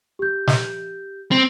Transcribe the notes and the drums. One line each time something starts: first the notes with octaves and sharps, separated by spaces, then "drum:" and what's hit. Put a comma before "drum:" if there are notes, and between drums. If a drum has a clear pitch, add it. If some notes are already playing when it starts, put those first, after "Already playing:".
G4 G6
drum: snare
C4